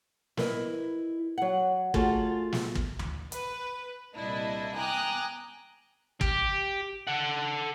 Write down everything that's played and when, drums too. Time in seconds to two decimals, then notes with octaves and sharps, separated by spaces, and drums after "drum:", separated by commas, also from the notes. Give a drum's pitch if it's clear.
0.37 E4 A#4 B4 D5 D#5, drum: snare
1.38 F#3 F#5
1.94 A3 F4 F#4 G#4 A4, drum: kick
2.52 drum: snare
2.75 drum: kick
2.99 drum: tom D2
3.32 B4, drum: hi-hat
4.16 C2 A#2 D4 E4 D#5
4.76 G5 G#5 A#5 D6 D#6 F#6
6.21 G4, drum: kick
7.07 A4 F#5